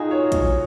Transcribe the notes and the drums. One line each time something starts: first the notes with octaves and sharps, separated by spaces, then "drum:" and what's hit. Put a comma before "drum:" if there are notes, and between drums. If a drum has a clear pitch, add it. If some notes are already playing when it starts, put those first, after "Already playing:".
Already playing: D#4 F4 F#4 G#4 D#5
C#5
drum: kick A#1, hi-hat